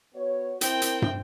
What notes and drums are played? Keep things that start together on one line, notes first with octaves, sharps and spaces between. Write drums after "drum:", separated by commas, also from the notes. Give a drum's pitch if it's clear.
B3 F#4 C#5
C4 E4 A#4 G5, drum: hi-hat
drum: hi-hat
drum: tom